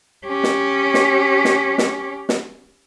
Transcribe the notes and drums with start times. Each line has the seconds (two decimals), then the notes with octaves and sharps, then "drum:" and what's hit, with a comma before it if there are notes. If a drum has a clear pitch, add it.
0.27 C#4 G4
0.43 drum: snare
0.94 drum: snare
1.45 drum: snare
1.78 drum: snare
2.29 drum: snare